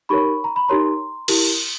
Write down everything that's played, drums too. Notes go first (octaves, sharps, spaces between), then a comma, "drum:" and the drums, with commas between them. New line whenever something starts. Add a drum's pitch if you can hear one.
D#4 G4 A#4 C#5 B5 C#6
A#5
B5
D#4 G4 A#4 C#5 A#5 C6
E4 G4 A#4, drum: cymbal